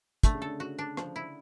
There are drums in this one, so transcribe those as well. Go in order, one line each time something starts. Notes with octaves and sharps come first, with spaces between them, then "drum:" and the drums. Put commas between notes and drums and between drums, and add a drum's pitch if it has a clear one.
D3 A3, drum: kick, hi-hat
C#3
D3 A4
F#4
D4
F3, drum: rim click
E4